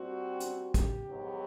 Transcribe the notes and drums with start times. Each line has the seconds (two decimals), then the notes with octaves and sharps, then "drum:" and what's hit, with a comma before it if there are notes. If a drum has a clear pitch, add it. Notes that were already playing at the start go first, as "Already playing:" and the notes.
Already playing: A#2 G3 C4 F#4
0.40 drum: hi-hat
0.74 G4, drum: kick, hi-hat
1.08 G#2 D#3 F#3 B3